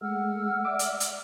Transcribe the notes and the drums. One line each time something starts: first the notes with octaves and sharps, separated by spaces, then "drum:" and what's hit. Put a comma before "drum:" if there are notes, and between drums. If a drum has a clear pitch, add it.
G#3 A3 F#5 E6 F6
D5 E5 D6
drum: hi-hat
F6, drum: hi-hat